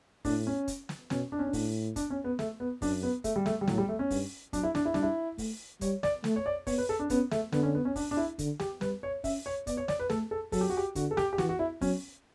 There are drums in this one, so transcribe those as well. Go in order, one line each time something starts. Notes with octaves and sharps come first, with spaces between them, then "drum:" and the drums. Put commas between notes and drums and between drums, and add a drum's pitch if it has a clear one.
A2 D4, drum: kick, open hi-hat
C#4
drum: kick, hi-hat
drum: snare
B2 C#4, drum: snare
D4
C#4
D4
A2, drum: kick, open hi-hat
D4, drum: kick, hi-hat
C#4
B3
A3, drum: snare
B3
F#2 D4, drum: kick, open hi-hat
B3
A3, drum: kick, hi-hat
G3
A3, drum: snare
G3
A2 F#3, drum: snare
G3
A3
C#4
G2, drum: kick, open hi-hat
F#3 D4, drum: kick, hi-hat
E4
D4, drum: snare
E4
G3 D4, drum: snare
E4
A3, drum: kick, open hi-hat
G3 C#5, drum: kick, hi-hat
D5, drum: snare
A3, drum: snare
C#5
D5
B3 C#5, drum: kick, open hi-hat
B4
A4
D4
B3 C#4, drum: kick, hi-hat
A3, drum: snare
D3 B3, drum: snare
C#4
B3
C#4
D4, drum: kick, open hi-hat
D4
E4
D3, drum: kick, hi-hat
G4, drum: snare
G3 B4, drum: snare
C#5
C#4 E5, drum: kick, open hi-hat
C#5
B3 D5, drum: kick, hi-hat
C#5
D5, drum: snare
B4
A3 A4, drum: snare
A4
F#3 A4, drum: kick, open hi-hat
G4
F#4
G4
D3 F#4, drum: kick, hi-hat
A4
G4, drum: snare
G4
E3 F#4, drum: snare
F#4
E4
F#3 C#4, drum: kick, open hi-hat